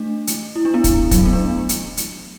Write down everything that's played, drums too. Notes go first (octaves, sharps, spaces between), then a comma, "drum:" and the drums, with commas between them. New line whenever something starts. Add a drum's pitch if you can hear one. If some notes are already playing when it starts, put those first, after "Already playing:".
Already playing: A3 D4
drum: hi-hat
E4
D4
B3 E4
drum: kick, hi-hat
F#3, drum: kick, hi-hat
A3
B3
D4
drum: hi-hat
drum: hi-hat